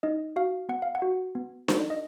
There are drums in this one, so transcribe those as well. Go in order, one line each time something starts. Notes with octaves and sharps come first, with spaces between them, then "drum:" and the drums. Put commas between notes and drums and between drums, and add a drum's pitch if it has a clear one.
D#4 D#5
F#4 F5
B3 F#5
F5
F#5
F#4
B3
D#4, drum: snare D4
D#5